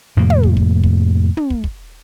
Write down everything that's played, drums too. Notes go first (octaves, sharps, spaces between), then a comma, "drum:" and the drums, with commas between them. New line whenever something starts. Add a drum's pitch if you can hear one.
F2 A2 C3 A#3
drum: tom
drum: kick
drum: kick
drum: kick
drum: tom
drum: kick
drum: kick